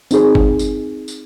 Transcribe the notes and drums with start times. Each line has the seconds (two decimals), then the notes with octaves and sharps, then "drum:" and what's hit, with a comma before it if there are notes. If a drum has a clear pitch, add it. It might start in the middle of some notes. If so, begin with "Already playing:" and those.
0.11 C4 D#4 G#4 C5, drum: tambourine
0.35 drum: kick G1
0.59 drum: tambourine
1.08 drum: tambourine